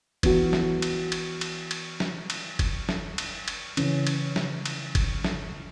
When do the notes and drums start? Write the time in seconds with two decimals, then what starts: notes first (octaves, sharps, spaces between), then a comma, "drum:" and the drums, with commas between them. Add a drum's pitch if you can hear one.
0.23 E3 B3 F#4, drum: kick F#1, cymbal
0.53 drum: snare
0.82 drum: cymbal
1.12 drum: cymbal
1.41 drum: cymbal
1.71 drum: cymbal
2.00 drum: snare
2.30 drum: cymbal
2.59 drum: kick F#1, cymbal
2.89 drum: snare
3.18 drum: cymbal
3.48 drum: cymbal
3.77 C#3 E3 C#4, drum: cymbal
4.07 drum: cymbal
4.36 drum: snare
4.66 drum: cymbal
4.95 drum: kick F#1, cymbal
5.24 drum: snare